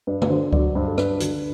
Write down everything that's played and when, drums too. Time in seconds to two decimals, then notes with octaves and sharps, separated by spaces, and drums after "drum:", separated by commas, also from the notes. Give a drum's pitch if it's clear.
0.07 G2 B4
0.22 B4, drum: tom
0.30 D3 C5
0.53 F#3 D5, drum: kick C#2
0.75 G2 C5
0.87 A4
0.98 G2 B4, drum: rim click
1.20 D3, drum: hi-hat